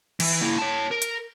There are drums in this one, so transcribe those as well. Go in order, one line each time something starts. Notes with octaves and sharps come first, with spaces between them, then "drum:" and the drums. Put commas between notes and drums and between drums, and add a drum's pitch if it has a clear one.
E3, drum: cymbal
A#3 E4
C#5 A5
A#4
drum: hi-hat